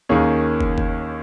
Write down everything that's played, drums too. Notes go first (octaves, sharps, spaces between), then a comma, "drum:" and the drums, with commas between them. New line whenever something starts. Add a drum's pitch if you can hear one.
D#2 D#3 A#3 C#4 G#4
drum: kick
drum: kick